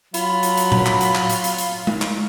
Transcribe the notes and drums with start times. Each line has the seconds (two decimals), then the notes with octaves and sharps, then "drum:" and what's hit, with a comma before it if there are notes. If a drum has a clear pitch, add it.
0.14 F#3 F4 B5, drum: hi-hat
0.43 drum: hi-hat
0.57 drum: hi-hat
0.72 drum: tom A2
0.86 drum: clap
1.01 drum: hi-hat
1.15 drum: clap
1.30 drum: hi-hat
1.44 drum: hi-hat
1.58 drum: hi-hat
1.87 drum: tom G#3
2.02 drum: clap